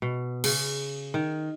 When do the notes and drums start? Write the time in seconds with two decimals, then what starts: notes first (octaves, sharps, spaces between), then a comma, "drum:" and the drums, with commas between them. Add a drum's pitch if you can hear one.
0.02 B2
0.44 C#3, drum: cymbal
1.14 D#3